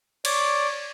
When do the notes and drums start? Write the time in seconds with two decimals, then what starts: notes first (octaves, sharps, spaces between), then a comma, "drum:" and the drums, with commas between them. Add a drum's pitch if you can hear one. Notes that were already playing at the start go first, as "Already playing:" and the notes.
0.25 C#5 D5, drum: cymbal